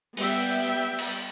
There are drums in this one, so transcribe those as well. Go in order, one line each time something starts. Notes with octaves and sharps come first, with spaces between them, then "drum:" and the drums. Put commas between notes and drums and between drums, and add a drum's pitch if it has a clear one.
G3 B3 E5 G5, drum: open hi-hat
drum: cymbal